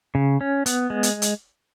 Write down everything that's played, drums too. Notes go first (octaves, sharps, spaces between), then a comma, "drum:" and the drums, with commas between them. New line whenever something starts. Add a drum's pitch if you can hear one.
C#3
C#4
B3, drum: hi-hat
G#3
drum: hi-hat
drum: hi-hat